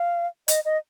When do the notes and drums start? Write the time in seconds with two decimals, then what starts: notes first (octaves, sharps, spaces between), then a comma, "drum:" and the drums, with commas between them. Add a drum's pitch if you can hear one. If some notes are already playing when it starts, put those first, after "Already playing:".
Already playing: F5
0.48 D#5, drum: hi-hat
0.65 D#5